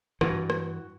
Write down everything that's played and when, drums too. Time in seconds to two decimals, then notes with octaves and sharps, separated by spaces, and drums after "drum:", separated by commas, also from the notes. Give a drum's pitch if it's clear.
0.21 G2 E3 F#4, drum: rim click
0.50 drum: rim click